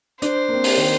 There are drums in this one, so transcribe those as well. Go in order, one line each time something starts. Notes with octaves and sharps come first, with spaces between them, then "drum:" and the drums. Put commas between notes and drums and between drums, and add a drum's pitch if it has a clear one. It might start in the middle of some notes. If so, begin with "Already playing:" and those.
D4 C5, drum: hi-hat
A#3
C4
drum: open hi-hat
D#3